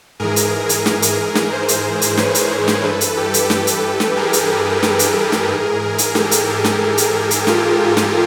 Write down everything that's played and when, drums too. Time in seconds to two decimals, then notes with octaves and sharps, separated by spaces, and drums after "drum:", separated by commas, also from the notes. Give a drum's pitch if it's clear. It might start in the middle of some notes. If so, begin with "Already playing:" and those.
0.20 G#2 E3 G#4 A#4
0.36 drum: hi-hat
0.69 drum: hi-hat
0.86 drum: snare
1.02 drum: hi-hat
1.35 drum: snare
1.52 A#4 C5
1.68 drum: hi-hat
2.01 drum: hi-hat
2.17 B4 C#5, drum: snare
2.35 drum: hi-hat
2.68 drum: snare
2.84 G2 E3 A4 B4
3.01 drum: hi-hat
3.17 G4 A4
3.34 drum: hi-hat
3.50 G4 A4, drum: snare
3.67 drum: hi-hat
4.00 drum: snare
4.16 G#4 A#4
4.33 drum: hi-hat
4.83 drum: snare
4.99 drum: hi-hat
5.32 drum: snare
5.49 G#2 E3
5.98 drum: hi-hat
6.15 G4 A4, drum: snare
6.31 drum: hi-hat
6.48 G4 A4
6.64 drum: snare
6.98 drum: hi-hat
7.31 drum: hi-hat
7.47 F4 G4, drum: snare
7.97 drum: snare